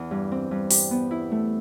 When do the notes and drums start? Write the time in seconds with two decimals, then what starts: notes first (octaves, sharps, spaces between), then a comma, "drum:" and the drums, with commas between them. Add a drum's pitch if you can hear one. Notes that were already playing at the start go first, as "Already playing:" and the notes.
Already playing: E2
0.11 G2
0.32 C4
0.51 G2
0.71 G4, drum: open hi-hat
0.91 B3
1.11 E4
1.32 A3